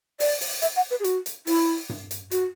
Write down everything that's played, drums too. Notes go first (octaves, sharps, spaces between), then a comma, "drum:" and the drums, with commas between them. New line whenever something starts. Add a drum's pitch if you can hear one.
D5, drum: open hi-hat
drum: open hi-hat
E5, drum: hi-hat
F#5
B4
G#4
F#4, drum: hi-hat
drum: hi-hat
E4, drum: open hi-hat
drum: tom G2
drum: hi-hat
F#4, drum: hi-hat